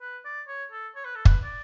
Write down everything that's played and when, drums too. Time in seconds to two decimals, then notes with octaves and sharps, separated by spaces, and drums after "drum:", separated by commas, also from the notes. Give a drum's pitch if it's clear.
0.01 B4
0.25 D5
0.48 C#5
0.71 A4
0.96 C#5
1.05 B4
1.16 A4
1.25 B4, drum: kick
1.43 D5